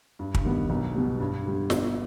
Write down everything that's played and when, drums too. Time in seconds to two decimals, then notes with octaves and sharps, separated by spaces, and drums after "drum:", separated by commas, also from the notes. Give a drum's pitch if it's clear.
0.19 G2
0.34 drum: kick
0.44 D#3 G3 B3
0.70 B1
0.95 B2 G3 B3
1.20 G2
1.46 D3 G3
1.70 G1, drum: snare